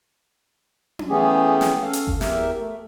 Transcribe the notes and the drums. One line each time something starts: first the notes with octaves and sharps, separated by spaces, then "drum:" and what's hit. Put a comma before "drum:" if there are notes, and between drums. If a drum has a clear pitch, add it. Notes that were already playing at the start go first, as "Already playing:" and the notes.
drum: tom C#4
E3 A3 B3 C#4 G4 G#4
drum: snare
C#4 A4 F5
drum: hi-hat
drum: kick G1
E2 G4 A#4 E5, drum: snare
A3